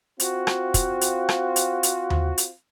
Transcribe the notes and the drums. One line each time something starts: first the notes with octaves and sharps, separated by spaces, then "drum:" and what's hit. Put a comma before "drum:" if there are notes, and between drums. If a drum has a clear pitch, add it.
C4 F4 F#4, drum: hi-hat
drum: rim click
drum: kick, hi-hat
drum: hi-hat
drum: rim click
drum: hi-hat
drum: hi-hat
drum: tom D#2
drum: hi-hat